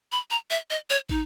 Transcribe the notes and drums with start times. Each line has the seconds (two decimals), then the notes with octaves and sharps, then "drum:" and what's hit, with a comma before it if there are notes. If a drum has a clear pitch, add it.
0.12 B5
0.31 A#5
0.50 E5
0.70 D#5
0.90 C#5
1.09 D#4, drum: kick